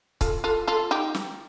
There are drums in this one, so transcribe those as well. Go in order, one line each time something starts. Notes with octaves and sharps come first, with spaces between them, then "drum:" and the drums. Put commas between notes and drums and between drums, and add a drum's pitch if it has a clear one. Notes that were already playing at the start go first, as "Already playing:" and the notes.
F4 A4, drum: kick C#1, hi-hat
F4 A4
F4 A4
D#4 G4
drum: snare